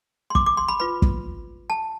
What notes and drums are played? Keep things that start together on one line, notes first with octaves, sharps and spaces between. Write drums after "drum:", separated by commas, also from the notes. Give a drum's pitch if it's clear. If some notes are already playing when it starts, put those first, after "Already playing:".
C6
D6, drum: kick
D6
C6
B5
F4 B4 B5
drum: kick
A5